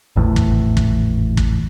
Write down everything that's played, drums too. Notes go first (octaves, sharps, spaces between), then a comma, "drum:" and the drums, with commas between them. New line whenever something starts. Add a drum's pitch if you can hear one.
G#1 E2 A2
drum: kick
drum: kick
drum: kick